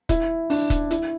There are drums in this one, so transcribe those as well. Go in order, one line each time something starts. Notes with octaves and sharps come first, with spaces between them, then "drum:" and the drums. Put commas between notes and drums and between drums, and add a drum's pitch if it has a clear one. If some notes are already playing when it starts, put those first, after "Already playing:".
E4, drum: kick, hi-hat
D4, drum: open hi-hat
drum: kick, hi-hat
E4, drum: hi-hat